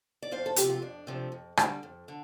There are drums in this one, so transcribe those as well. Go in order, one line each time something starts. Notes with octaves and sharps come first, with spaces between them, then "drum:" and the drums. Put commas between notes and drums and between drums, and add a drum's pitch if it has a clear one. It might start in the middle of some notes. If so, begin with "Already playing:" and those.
D5
F2 C5 F5
A4
C3 F3 A3 G4, drum: hi-hat
F4
F2 D4
C3 F3 A3
F2
D3 G3, drum: rim click
F2
D3